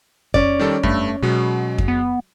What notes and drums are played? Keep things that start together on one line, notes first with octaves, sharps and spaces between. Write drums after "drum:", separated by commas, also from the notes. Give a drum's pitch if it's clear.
C#4 D5, drum: kick F2
D#3 G3 A4
G2 A3, drum: kick F2
B2 F#3 G#3
drum: kick F2
B3